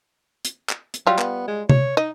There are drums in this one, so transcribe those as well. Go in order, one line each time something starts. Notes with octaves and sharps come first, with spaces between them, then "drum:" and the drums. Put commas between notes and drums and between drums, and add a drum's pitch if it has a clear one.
drum: hi-hat
drum: clap
drum: hi-hat
F#3 G3 F4
B3, drum: clap
G#3
C#5, drum: tom
D#4 D#5